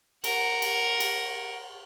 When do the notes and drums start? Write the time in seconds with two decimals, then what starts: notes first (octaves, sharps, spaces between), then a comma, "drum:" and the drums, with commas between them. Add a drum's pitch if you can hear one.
0.24 A#4 F#5, drum: cymbal
0.62 drum: cymbal
1.00 drum: cymbal